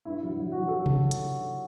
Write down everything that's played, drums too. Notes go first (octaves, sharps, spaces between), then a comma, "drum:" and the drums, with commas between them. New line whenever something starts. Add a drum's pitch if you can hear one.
G2 E4
F#3
F#3
F#4
F#3
A4
G4
drum: tom C3
drum: hi-hat